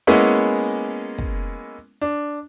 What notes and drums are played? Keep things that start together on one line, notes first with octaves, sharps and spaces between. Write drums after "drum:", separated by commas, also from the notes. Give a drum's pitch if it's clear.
G#3 A#3 B3 C#4 E4
drum: kick
D4